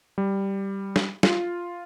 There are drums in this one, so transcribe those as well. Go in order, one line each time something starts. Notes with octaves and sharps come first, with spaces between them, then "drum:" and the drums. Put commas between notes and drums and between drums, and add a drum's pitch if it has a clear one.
G3
drum: snare
F4, drum: snare